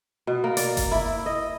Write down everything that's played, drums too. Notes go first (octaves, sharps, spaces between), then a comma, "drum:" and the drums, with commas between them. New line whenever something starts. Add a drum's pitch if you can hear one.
B2
A#3
D5, drum: hi-hat
drum: kick F#1, hi-hat
E4
D#5